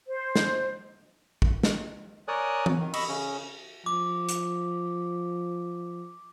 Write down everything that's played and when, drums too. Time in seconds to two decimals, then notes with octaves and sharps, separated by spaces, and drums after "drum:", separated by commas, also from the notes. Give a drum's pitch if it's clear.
0.08 C5
0.35 drum: snare
1.42 drum: kick
1.63 drum: snare
2.28 A#4 C#5 D5 G#5 D#6 F#6
2.66 drum: tom E3
2.80 D#3
2.94 D#5 B5 C#6 E6, drum: cymbal
3.09 C#3 C#4
3.86 F3 D6
4.29 drum: hi-hat